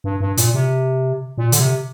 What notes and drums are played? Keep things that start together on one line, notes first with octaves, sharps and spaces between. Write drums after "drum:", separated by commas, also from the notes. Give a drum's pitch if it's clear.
G2
G2
A#2, drum: hi-hat
C3
A#2
D3, drum: hi-hat
C3